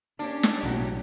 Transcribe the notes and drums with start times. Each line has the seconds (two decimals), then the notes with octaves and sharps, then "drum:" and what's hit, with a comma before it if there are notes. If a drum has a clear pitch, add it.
0.19 A#3 C#4 D4 G4
0.43 drum: snare
0.63 B1 A2 F#3